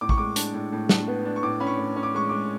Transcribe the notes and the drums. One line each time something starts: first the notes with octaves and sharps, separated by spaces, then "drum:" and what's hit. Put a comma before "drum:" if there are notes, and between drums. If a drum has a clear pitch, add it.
A2 D6
C#6, drum: kick A1
G#3 D6
D4, drum: hi-hat
A2
A2
D4, drum: snare
B3
D4
C#6
A2 D6
C#4 B5
C#6
A2
C#4
D6
G#3 C#6
G#3 D6